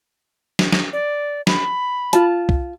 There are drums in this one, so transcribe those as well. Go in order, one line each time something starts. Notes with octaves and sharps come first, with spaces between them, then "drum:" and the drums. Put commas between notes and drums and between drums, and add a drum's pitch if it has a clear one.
drum: snare
drum: snare
D5
B5, drum: snare
F4 A5, drum: hi-hat
drum: kick C2